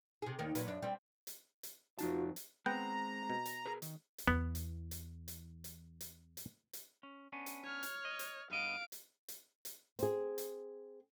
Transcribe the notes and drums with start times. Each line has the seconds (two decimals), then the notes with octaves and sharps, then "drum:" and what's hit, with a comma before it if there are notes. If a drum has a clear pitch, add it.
0.22 C3 G#4
0.39 D#2 D#3 A#4
0.55 A#2 F#3 B4, drum: hi-hat
0.68 F#2 D4
0.82 G3 C4
1.27 drum: hi-hat
1.63 drum: hi-hat
1.98 F2 D#4 F4 F#4 A5, drum: hi-hat
2.36 drum: hi-hat
2.66 G#3 B3 C4 F#5 G5 A#5
3.30 B2
3.45 drum: hi-hat
3.66 G#4 A#4 B4
3.82 D#3, drum: hi-hat
4.18 drum: hi-hat
4.27 E2 E3 B3
4.55 drum: hi-hat
4.91 drum: hi-hat
5.28 drum: hi-hat
5.64 drum: hi-hat
6.01 drum: hi-hat
6.37 drum: hi-hat
6.73 drum: hi-hat
7.03 C#4
7.32 B3 C#4 D4
7.46 drum: hi-hat
7.64 C#5 F6
7.83 drum: hi-hat
8.05 D#5
8.19 drum: hi-hat
8.50 G2 B3 D#5 F5 D7
8.92 drum: hi-hat
9.28 drum: hi-hat
9.65 drum: hi-hat
9.99 C4 G#4, drum: hi-hat
10.38 drum: hi-hat